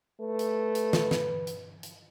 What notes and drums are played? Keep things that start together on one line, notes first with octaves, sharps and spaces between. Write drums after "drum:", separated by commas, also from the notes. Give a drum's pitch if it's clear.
A3 B4
drum: hi-hat
drum: hi-hat
drum: snare
drum: snare
drum: hi-hat
drum: hi-hat